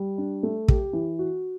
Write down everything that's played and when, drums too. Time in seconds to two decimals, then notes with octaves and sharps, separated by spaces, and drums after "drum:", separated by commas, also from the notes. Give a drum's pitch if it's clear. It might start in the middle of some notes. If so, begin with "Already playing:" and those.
Already playing: G3
0.18 D4
0.43 A3
0.68 G4, drum: kick
0.93 E3
1.19 F#4